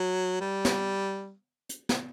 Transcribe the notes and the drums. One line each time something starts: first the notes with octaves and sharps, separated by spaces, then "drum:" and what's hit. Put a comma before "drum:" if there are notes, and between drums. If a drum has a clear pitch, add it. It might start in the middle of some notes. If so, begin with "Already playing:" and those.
Already playing: F#3
G3
drum: snare
drum: hi-hat
drum: snare